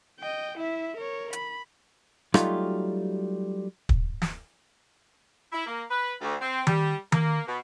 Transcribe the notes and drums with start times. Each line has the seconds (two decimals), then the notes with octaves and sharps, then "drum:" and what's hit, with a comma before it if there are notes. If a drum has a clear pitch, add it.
0.19 D#5 G5
0.57 E4 E5
0.97 A#4 C#5
1.33 B5, drum: hi-hat
2.34 F#3 G3 A3 D#4 F4, drum: rim click
3.89 drum: kick
4.22 drum: snare
5.52 E4
5.66 A#3
5.89 B4
6.21 D2
6.41 C4
6.67 G3, drum: tom D#3
7.12 A#3, drum: tom D#3
7.47 B2